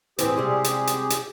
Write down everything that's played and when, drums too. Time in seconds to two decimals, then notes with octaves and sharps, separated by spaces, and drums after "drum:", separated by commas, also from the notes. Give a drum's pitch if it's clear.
0.18 A2 E3 C4 G4 G#4, drum: hi-hat
0.36 C3 G3 G#3
0.64 drum: hi-hat
0.87 drum: hi-hat
1.10 drum: hi-hat